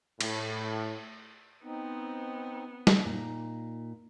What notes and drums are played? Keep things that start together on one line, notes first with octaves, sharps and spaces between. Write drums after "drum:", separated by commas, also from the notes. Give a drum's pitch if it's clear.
A2, drum: cymbal
B3 C4 D#4
drum: snare G3
A#2 D#4